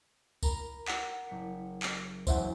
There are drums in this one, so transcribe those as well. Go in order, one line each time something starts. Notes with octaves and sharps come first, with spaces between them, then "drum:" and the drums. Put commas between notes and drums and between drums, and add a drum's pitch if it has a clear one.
A#4 A#5 B5, drum: kick C#2, tambourine
F#5, drum: clap
F#1 B6 C#7
drum: clap
E1 F#2 E4 C5 E5 F#5, drum: kick C#2, tambourine